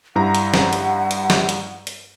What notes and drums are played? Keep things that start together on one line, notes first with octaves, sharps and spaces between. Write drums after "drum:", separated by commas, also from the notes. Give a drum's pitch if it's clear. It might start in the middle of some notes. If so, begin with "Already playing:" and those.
G2 E4 F#5 A#5
drum: hi-hat
drum: snare
drum: hi-hat
drum: hi-hat
drum: snare
drum: hi-hat
drum: hi-hat